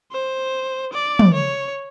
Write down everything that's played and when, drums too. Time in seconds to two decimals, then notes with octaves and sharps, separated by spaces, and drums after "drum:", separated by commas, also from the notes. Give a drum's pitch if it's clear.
0.12 C5
0.93 D5
1.19 drum: tom
1.34 C#5